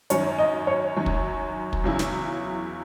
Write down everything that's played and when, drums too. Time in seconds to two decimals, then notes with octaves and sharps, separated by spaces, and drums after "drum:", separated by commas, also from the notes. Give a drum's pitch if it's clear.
0.10 F#2 D#3 F#3 C#4 C#5, drum: hi-hat
0.38 D#5
0.67 C#5
0.96 F#2 D#3 F#3 C#4
1.06 drum: kick
1.73 drum: kick
1.84 E2 C#3 F#3 C#4 E4
1.99 drum: snare